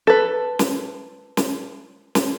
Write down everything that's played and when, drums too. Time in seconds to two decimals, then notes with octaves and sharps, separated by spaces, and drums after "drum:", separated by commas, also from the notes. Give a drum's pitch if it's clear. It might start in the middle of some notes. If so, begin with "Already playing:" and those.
0.07 A4 B4
0.59 drum: snare
1.37 drum: snare
2.15 drum: snare